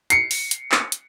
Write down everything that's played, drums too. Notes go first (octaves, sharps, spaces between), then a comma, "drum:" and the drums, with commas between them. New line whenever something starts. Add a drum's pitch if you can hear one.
C7 C#7, drum: hi-hat
drum: open hi-hat
drum: hi-hat
drum: clap
drum: hi-hat